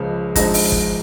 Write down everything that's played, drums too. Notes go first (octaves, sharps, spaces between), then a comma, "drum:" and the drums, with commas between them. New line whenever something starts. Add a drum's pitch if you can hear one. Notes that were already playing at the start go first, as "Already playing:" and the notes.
Already playing: C#2 C#3 F3 G#3
A#1 G#2 F3 G#3 A#6, drum: kick, hi-hat
drum: open hi-hat
drum: kick